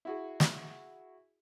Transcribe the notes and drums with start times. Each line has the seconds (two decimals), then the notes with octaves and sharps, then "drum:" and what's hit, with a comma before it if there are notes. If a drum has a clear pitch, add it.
0.05 E4 F#4 G#4
0.40 drum: snare